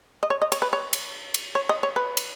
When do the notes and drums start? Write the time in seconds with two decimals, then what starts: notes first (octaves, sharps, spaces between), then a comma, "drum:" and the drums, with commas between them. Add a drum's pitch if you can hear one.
0.23 D#5
0.30 C#5
0.42 D#5
0.52 C#5, drum: cymbal
0.62 B4
0.73 C#5
0.93 drum: cymbal
1.34 drum: cymbal
1.55 C#5
1.69 D#5
1.83 C#5
1.96 B4
2.17 drum: cymbal